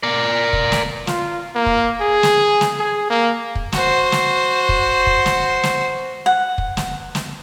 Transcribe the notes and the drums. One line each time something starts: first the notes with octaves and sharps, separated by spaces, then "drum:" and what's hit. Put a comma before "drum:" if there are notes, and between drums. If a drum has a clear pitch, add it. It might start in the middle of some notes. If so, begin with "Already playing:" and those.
A#4 D5
drum: kick
drum: snare
F4, drum: snare
A#3
drum: kick
G#4
drum: snare
drum: snare
G#4
A#3
drum: kick
F#4 C5, drum: snare
drum: snare
drum: kick
drum: kick
drum: snare
drum: snare
F#5
drum: kick
drum: snare
drum: snare